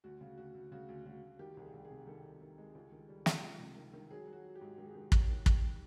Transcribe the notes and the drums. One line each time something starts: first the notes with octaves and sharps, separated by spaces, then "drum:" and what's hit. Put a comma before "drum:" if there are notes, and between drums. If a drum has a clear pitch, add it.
D2 F#4
C#3
D2 F#4
D2
C#3 F#4
D2
C#3 F#4
D2
D#3 G4
C2
G#4
C2
G#4
C3
D#3 A4
C2
D#3
G#3
C#2
D#3
G3
C#2, drum: snare
C#2
C3
D#3
D#3
F#3 G#4
F#3
F#4
F#3
G4
G#2
D#3 G4
G#4
D#3 G4
F#3, drum: kick
D#3
G3, drum: kick
G3